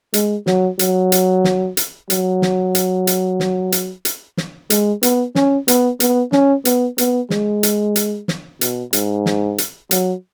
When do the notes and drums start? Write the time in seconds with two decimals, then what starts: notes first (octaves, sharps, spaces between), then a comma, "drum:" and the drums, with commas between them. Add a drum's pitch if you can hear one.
0.14 G#3, drum: hi-hat
0.47 F#3, drum: snare
0.79 F#3, drum: hi-hat
1.12 drum: hi-hat
1.44 drum: snare
1.77 drum: hi-hat
2.10 F#3, drum: hi-hat
2.42 drum: snare
2.75 drum: hi-hat
3.07 drum: hi-hat
3.40 drum: snare
3.72 drum: hi-hat
4.05 drum: hi-hat
4.37 drum: snare
4.70 G#3, drum: hi-hat
5.03 B3, drum: hi-hat
5.35 C#4, drum: snare
5.68 B3, drum: hi-hat
6.00 B3, drum: hi-hat
6.32 C#4, drum: snare
6.65 B3, drum: hi-hat
6.98 B3, drum: hi-hat
7.30 G#3, drum: snare
7.63 drum: hi-hat
7.96 drum: hi-hat
8.28 drum: snare
8.61 B2, drum: hi-hat
8.93 G#2, drum: hi-hat
9.26 drum: snare
9.58 drum: hi-hat
9.91 F#3, drum: hi-hat